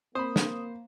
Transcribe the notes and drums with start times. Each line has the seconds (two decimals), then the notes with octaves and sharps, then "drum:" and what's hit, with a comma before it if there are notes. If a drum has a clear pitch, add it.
0.15 A#3 C4 C5 B5 D#6
0.36 drum: snare